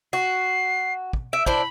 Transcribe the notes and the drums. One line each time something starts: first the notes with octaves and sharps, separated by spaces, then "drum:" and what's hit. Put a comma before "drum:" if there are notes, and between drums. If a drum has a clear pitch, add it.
F#4 C7
drum: kick
E5 D7
D4 E4 C5 B5, drum: kick